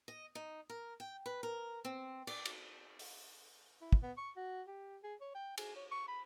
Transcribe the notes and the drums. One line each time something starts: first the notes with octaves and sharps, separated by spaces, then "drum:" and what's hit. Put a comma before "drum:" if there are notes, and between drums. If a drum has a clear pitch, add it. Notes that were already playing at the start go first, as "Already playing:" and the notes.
D#5
D#4
A#4
G5
B4
A#4
C4
D5, drum: cymbal
drum: cymbal
drum: open hi-hat
E4
drum: kick
B3
C#6
F#4
G4
G#4
C#5
G5
G#4, drum: cymbal
C#5
C#6
B5